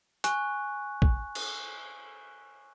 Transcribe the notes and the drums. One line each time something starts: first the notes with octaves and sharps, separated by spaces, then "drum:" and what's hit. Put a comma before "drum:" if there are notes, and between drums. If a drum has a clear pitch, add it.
G#5 C#6 F#6, drum: hi-hat
drum: kick A#1
drum: cymbal